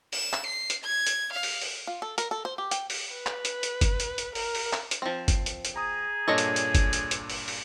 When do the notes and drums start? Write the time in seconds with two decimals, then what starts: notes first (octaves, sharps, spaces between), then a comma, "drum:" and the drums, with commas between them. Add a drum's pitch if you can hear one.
0.13 E7, drum: open hi-hat
0.33 drum: clap
0.47 C7
0.70 drum: hi-hat
0.85 G#6
1.07 drum: hi-hat
1.33 F5
1.43 drum: open hi-hat
1.61 drum: open hi-hat
1.87 F4
2.02 A4
2.18 A#4, drum: hi-hat
2.31 A4
2.45 C5
2.58 G4
2.71 G5, drum: hi-hat
2.90 drum: open hi-hat
3.12 B4
3.26 drum: clap
3.45 drum: hi-hat
3.63 drum: hi-hat
3.81 drum: kick G1, hi-hat
4.00 drum: hi-hat
4.18 drum: hi-hat
4.35 A#4, drum: open hi-hat
4.55 drum: open hi-hat
4.73 drum: clap
4.91 drum: hi-hat
5.02 F3 C4
5.28 drum: kick G1, hi-hat
5.46 drum: hi-hat
5.65 drum: hi-hat
5.76 G#4 A#5 D#6
6.28 G2 A#2 D4 A4 C#5 D#5
6.38 drum: hi-hat
6.56 drum: hi-hat
6.75 drum: kick G1, hi-hat
6.93 drum: hi-hat
7.11 drum: hi-hat
7.30 drum: open hi-hat
7.48 drum: open hi-hat